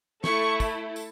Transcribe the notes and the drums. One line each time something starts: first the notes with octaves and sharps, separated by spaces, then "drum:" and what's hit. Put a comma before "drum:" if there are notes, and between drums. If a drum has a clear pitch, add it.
A3 E4 A4 C#6, drum: snare
drum: kick, tambourine
drum: tambourine